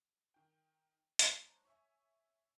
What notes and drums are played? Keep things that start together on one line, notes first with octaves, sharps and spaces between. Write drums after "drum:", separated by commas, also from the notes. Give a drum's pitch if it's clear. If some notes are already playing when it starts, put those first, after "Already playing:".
D#3 G5
G#3 D4 D#4 C5 C#5, drum: hi-hat
C#5 E5 G#5